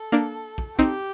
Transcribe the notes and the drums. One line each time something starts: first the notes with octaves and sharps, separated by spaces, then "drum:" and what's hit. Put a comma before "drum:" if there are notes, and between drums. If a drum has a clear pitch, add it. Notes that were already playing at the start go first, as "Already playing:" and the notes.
Already playing: A4
A#3 D4
drum: kick
C4 D#4 G4, drum: kick